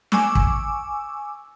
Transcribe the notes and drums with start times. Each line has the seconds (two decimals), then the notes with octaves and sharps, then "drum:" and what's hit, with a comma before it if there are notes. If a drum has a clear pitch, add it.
0.12 G#5 C#6 D6 E6, drum: snare
0.35 drum: kick